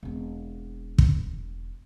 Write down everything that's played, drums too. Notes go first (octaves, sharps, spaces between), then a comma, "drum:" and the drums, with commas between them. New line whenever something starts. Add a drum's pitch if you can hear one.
E1 C4
drum: kick